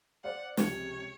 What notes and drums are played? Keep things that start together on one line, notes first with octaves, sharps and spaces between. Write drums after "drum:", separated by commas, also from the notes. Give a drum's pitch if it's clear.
C5 D5 F5 F#5
C#2 C3 F3 C#5, drum: snare